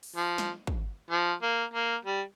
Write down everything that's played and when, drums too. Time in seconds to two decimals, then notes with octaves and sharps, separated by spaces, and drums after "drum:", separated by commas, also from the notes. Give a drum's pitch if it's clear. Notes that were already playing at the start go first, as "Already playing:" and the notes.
0.03 drum: open hi-hat
0.16 F3
0.38 drum: snare
0.67 drum: kick
1.11 F3
1.42 A#3
1.74 A#3
2.05 G3